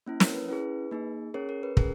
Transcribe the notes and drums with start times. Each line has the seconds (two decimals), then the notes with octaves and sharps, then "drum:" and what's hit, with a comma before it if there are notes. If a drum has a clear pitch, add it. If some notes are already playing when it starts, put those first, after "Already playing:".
0.06 A#3 C#4 E4
0.20 A#4 C#5, drum: snare
0.35 B4
0.48 C#4 E4 G#4 B4
0.91 A#3 D#4 G#4
1.34 C#4 G#4 A#4 C#5
1.49 A#4
1.63 B4
1.77 C#4 G#4 A#4, drum: kick